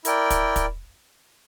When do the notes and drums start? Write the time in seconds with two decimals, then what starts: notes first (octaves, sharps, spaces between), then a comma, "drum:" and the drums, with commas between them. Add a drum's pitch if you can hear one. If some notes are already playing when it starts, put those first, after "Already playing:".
0.05 E4 A#4 D5 G5, drum: hi-hat
0.30 drum: kick, hi-hat
0.56 drum: kick, hi-hat